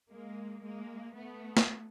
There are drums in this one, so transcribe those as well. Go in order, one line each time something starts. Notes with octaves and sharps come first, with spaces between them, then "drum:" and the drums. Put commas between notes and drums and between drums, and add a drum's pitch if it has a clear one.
G#3 A#3
G#3 A#3
A3 B3
drum: snare